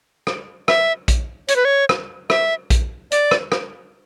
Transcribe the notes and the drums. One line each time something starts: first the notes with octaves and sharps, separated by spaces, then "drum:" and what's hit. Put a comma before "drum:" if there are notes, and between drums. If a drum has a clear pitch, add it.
drum: rim click
E5, drum: rim click
drum: kick A#1, hi-hat
C#5, drum: hi-hat
B4
C#5
drum: rim click
E5, drum: rim click
drum: kick A#1, hi-hat
D5, drum: hi-hat
drum: rim click
drum: rim click